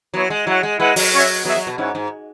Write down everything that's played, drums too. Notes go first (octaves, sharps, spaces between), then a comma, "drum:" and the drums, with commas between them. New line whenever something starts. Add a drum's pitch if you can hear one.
F#3 B3 E4 C#5
G#3
F#3 E4 C#5 F#5
G#3
G#3 E4 B4 F#5
F#3, drum: open hi-hat
C#4 F#4 C#5 E5
F#3 B3 G#4 E5
F#3
B2
G#2 C#4 E4 C#5 F#5
G#2